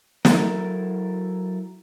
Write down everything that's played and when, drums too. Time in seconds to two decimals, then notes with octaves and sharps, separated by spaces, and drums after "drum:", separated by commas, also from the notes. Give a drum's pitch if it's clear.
0.25 F#3 E4 A4 A#4, drum: snare